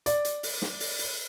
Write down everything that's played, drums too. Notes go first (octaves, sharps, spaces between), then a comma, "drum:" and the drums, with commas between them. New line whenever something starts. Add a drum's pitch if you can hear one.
D5, drum: hi-hat
drum: hi-hat
drum: open hi-hat
drum: snare
drum: open hi-hat
drum: open hi-hat